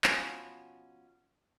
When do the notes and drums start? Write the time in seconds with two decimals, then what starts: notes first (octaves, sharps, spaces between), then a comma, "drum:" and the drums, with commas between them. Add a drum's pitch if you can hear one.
0.04 B2 F3 B3 C#4, drum: clap